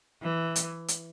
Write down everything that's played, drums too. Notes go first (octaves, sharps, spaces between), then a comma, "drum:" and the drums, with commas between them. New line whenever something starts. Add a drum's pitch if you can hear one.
E3
drum: hi-hat
drum: hi-hat